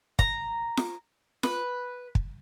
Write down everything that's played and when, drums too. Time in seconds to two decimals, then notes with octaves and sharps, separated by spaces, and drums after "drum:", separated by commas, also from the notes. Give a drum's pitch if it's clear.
0.19 A#5, drum: kick
0.77 drum: snare F4
1.43 B4, drum: snare F4
2.15 drum: kick